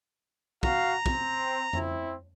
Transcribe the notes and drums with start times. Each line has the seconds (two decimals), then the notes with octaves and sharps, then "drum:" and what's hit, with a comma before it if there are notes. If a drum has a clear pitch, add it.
0.63 F#4 F5 A#5, drum: kick
1.06 C4, drum: kick
1.73 C4 E4, drum: tom F2